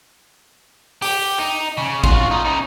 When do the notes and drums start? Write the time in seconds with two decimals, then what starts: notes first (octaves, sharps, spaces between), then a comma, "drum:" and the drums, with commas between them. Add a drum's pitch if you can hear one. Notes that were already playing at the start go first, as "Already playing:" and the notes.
1.02 G4, drum: open hi-hat
1.39 D#4
1.77 C#3
2.04 F4 F#4, drum: kick
2.31 D#4 F4
2.45 C#3 D#4